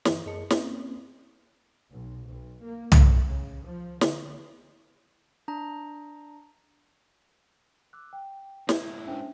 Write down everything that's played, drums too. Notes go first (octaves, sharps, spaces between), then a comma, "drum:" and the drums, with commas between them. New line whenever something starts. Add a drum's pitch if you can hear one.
G2 D3 E3, drum: snare
F#2 G#4 A#4 D#5 A5 C#7
A#3 C4 C#4, drum: snare
B1
B1
A#3
A3, drum: tom
C#3
F3
D3, drum: snare
D4 A#5
D6 E6 F#6
G5
G#2 E4 G6, drum: snare
C#4 D4 C5 E5 G5